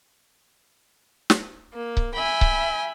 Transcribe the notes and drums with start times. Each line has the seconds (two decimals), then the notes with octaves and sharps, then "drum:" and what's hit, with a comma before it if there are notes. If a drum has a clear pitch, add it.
1.30 drum: snare
1.74 A#3
1.97 drum: kick C#1
2.14 E5 G5 G#5 B5
2.41 drum: kick C#1